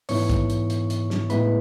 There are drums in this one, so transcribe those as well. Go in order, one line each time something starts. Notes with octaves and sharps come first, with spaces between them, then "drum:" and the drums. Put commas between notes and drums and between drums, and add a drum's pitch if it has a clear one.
G#2 E3 B3 E4 C#5 C#6, drum: open hi-hat
drum: kick, hi-hat
drum: hi-hat
drum: hi-hat
drum: hi-hat
drum: snare
A2 G#3 B3 E4 B4 B5, drum: hi-hat